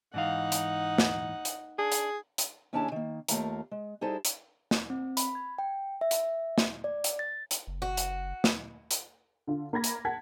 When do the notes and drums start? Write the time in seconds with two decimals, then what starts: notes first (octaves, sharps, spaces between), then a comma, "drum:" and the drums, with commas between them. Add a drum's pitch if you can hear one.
0.14 G#2 E3 D#4 F5 F#5
0.52 drum: hi-hat
0.98 drum: snare
1.45 drum: hi-hat
1.79 D4 G#4
1.92 drum: hi-hat
2.38 drum: hi-hat
2.73 D#2 C#4 D4 E4 G#4 A5
2.92 D#3 A#3
3.28 D#2 A3 F4 A#4 F5 A#5, drum: hi-hat
3.71 G#3
4.01 G3 D#4 E4 G#4 A4 C5
4.25 drum: hi-hat
4.71 drum: snare
4.90 C4
5.17 B5, drum: hi-hat
5.35 G#6
5.58 G5
6.01 E5
6.11 drum: hi-hat
6.58 drum: snare
6.84 D5
7.04 drum: hi-hat
7.19 A6
7.51 drum: hi-hat
7.67 F#1
7.82 F#4
7.97 drum: hi-hat
8.44 drum: snare
8.91 drum: hi-hat
9.47 D3 F4
9.73 A#3 B5 G#6 A#6
9.84 drum: hi-hat
10.05 A#4 F#5 A5 G#6 B6